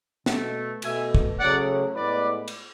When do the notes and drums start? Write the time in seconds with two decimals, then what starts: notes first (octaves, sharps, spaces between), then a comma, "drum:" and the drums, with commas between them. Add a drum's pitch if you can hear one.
0.26 B2 A3, drum: snare
0.82 B2 A3 E5 G#5, drum: cymbal
1.15 drum: kick
1.38 C#3 F#3 A3 D5 F#5
1.94 A2 G#3 B3 B4 D5
2.48 drum: cymbal